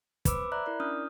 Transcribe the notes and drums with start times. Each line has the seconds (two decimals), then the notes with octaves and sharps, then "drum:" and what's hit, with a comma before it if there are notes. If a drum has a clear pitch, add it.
0.25 B4 C5 B5 D6 E6, drum: kick, hi-hat
0.52 D5 E5 A#5 B5 F#6
0.66 E4 A#4 D5
0.80 C#4 D4 D#6 F6 G6